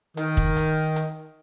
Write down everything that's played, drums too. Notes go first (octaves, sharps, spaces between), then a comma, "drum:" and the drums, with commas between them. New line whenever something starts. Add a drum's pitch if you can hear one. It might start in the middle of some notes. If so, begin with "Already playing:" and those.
D#3, drum: hi-hat
drum: kick
drum: hi-hat
drum: hi-hat